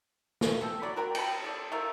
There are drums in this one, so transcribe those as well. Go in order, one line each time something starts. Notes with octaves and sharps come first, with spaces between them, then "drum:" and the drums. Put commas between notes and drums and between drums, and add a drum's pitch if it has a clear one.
drum: snare
C4 A4
F#3 D5 B5
F#4 A#4 G5 B5
G5 A5 B5, drum: cymbal
A4 D5
A3 F4 A#4